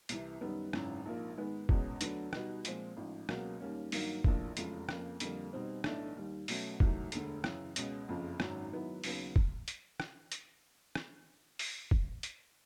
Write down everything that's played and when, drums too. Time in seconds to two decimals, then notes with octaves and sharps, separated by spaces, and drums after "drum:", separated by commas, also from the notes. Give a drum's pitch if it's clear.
0.09 C2 C3 E3, drum: hi-hat
0.41 F#2 D#3 G3 B3 D#4
0.73 G#1 F#2 C#3 E3, drum: rim click
1.05 A#1 G#2 F3 A#3
1.37 G#2 D#3 G#3 B3
1.69 E1 E2 B2 G#3 C#4, drum: kick
2.01 D2 D3 F#3 B3 D4, drum: hi-hat
2.33 B2 G3 B3 D#4 F#4, drum: rim click
2.65 A#2 F3 G#3 C4, drum: hi-hat
2.97 A1 G#2 F3
3.29 C#2 B2 F#3 A#3 C#4, drum: rim click
3.60 D#2 D#3 G3 A#3 C#4
3.92 G2 D#3 F#3 A#3 D#4, drum: open hi-hat
4.24 A#1 A2 F3 A#3 D4, drum: kick
4.57 F1 E2 C#3 F3 G#3, drum: hi-hat
4.89 F2 C#3 F3 A#3, drum: rim click
5.20 F2 D3 G3 A#3, drum: hi-hat
5.52 B2 G3 C4 D#4
5.84 B1 A2 E3 A3 D4, drum: rim click
6.16 D#2 D#3 G3
6.48 B2 F#3 A3 C#4, drum: open hi-hat
6.80 C2 C3 D#3 F#3 A3, drum: kick
7.12 E1 D2 D3, drum: hi-hat
7.44 F#2 C#3 E3, drum: rim click
7.76 C#2 B2 G#3 C#4, drum: hi-hat
8.08 F#1 F2 C#3 F3
8.40 G#1 F#2 D#3 F#3, drum: rim click
8.72 G#2 D#3 F#3 B3 E4
9.04 D#2 C#3 F#3 B3, drum: open hi-hat
9.36 drum: kick
9.68 drum: hi-hat
10.00 drum: rim click
10.32 drum: hi-hat
10.95 drum: rim click
11.59 drum: open hi-hat
11.91 drum: kick
12.23 drum: hi-hat